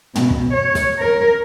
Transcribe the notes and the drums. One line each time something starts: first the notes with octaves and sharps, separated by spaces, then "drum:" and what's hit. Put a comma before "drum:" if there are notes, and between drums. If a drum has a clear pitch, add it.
B2, drum: tom
drum: kick
C#5
drum: snare
A#4